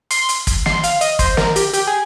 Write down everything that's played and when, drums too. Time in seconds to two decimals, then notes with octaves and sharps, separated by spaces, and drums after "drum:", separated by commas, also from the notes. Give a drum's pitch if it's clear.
0.11 C6, drum: hi-hat
0.29 drum: hi-hat
0.47 drum: kick, hi-hat
0.66 C6, drum: snare
0.84 F5, drum: hi-hat
1.01 D#5, drum: hi-hat
1.19 C5, drum: kick, hi-hat
1.37 A#4, drum: snare
1.56 G4, drum: hi-hat
1.73 G4, drum: hi-hat
1.87 G#4